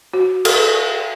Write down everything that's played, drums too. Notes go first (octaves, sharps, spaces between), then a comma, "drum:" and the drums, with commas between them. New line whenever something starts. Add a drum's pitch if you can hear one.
F#4
A4, drum: cymbal